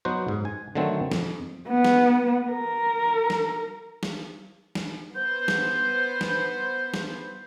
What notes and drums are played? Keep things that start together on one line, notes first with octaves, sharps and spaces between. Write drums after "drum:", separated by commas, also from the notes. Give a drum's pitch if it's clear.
F#3 B3 D#4 F#4 C5
G#2
G#5
D3 D#3 F#3 A3 C4
F2, drum: snare
B3
drum: snare
A#4
drum: snare
drum: snare
drum: snare
B3 C5 G6
drum: snare
drum: snare
drum: snare